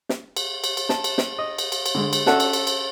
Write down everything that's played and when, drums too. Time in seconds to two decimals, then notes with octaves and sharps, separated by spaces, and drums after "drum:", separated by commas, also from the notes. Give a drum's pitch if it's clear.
0.09 drum: snare
0.36 drum: cymbal
0.64 drum: cymbal
0.77 drum: cymbal
0.89 A5, drum: snare
1.04 drum: cymbal
1.18 drum: snare
1.38 D#5
1.58 drum: cymbal
1.72 drum: cymbal
1.86 drum: cymbal
1.95 D3 G#3
2.13 drum: cymbal
2.26 C#4 D4 F#4 A4 E5 F#5, drum: snare
2.40 drum: cymbal
2.53 drum: cymbal
2.67 drum: cymbal